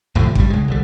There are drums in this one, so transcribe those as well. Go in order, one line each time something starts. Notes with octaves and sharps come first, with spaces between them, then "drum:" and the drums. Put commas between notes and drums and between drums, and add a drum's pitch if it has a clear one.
D2 A2 C3 F3
G2 G3, drum: kick
C#2 G#3
C2 D3 G3